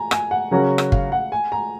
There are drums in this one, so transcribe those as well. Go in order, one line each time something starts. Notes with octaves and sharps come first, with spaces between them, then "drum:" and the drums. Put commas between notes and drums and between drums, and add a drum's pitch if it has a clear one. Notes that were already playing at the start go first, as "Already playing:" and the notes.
Already playing: G#5 A#5
G#5, drum: rim click
F#5
C#3 F#3 C#4 F#4 A#4
drum: rim click
F5, drum: kick G1
F#5
G#5
A#5